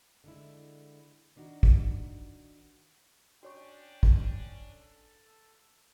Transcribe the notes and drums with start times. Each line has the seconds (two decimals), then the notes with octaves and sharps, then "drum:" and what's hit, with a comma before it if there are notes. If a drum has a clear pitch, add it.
0.24 D3 G#3 E4
1.36 D#3 D4 D#4 F#4
1.63 drum: kick
3.43 C#4 D4 F#4 C#5 G5 C#6
4.03 drum: kick
4.73 A4